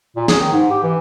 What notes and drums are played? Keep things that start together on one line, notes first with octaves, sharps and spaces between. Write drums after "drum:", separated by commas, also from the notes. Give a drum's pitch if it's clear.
A#2
G#4, drum: snare
D#3
G#2
G4
E3